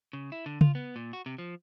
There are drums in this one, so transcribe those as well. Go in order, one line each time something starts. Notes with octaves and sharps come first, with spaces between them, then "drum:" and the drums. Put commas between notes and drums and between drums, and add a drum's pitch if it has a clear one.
C#3
E4
D3
F4, drum: tom C#3
B3
A#2
F#4
C3
F3